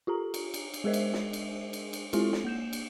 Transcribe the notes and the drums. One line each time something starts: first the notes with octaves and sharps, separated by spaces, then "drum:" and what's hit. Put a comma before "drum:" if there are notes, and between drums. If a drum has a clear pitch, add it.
F4 G4 A4 A#5
drum: cymbal
drum: cymbal
drum: cymbal
G#3 G#4 A#4 C5 D#5 E5
drum: cymbal
drum: snare
drum: cymbal
drum: cymbal
drum: cymbal
G#3 C4 E4 F4 G4 A4, drum: cymbal
drum: snare
A#3 G6 E7
drum: cymbal